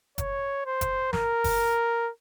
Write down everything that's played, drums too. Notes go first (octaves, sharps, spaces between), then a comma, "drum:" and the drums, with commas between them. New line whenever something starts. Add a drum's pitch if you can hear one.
C#5, drum: kick F#1, hi-hat
C5
drum: kick F#1, hi-hat
A#4, drum: snare
drum: kick F#1, open hi-hat